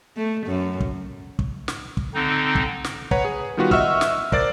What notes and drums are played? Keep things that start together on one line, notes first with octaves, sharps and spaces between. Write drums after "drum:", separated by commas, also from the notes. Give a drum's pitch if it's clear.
A3
F#2
drum: kick
drum: kick
drum: snare
drum: kick
D3 C4 D#4
drum: kick
drum: snare
B4 C#5 F#5 A#5, drum: kick
G#4
D#3 G3 B3 F4 F#4 B4
D#5 E5 F#5 C#6 E6 F6, drum: kick
drum: snare
A#4 C5 D5 D6 A6, drum: kick